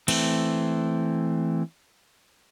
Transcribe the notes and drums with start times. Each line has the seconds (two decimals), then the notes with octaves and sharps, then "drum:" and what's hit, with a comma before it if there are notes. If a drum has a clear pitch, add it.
0.08 E3 A3 C4, drum: cymbal